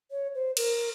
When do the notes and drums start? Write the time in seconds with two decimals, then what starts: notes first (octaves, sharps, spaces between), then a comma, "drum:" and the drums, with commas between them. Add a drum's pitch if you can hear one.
0.11 C#5
0.35 C5
0.57 A#4, drum: cymbal